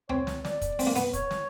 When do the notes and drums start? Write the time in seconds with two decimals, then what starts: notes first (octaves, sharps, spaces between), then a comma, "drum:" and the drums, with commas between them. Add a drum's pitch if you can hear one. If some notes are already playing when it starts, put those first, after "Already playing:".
0.09 C4 C#5, drum: tom C#2
0.27 drum: snare
0.45 D5, drum: snare
0.61 drum: kick, hi-hat
0.79 C4, drum: open hi-hat
0.87 A#3
0.96 B3, drum: hi-hat
1.13 C#5, drum: kick, hi-hat
1.31 drum: snare